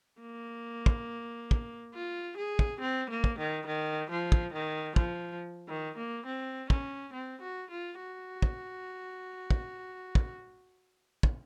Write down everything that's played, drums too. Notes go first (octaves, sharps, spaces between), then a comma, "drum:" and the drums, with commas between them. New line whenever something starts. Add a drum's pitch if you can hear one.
A#3
drum: kick
drum: kick
F4
G#4
drum: kick
C4
A#3
drum: kick
D#3
D#3
F3
drum: kick
D#3
F3, drum: kick
D#3
A#3
C4
C#4, drum: kick
C4
F#4
F4
F#4
drum: kick
drum: kick
drum: kick
drum: kick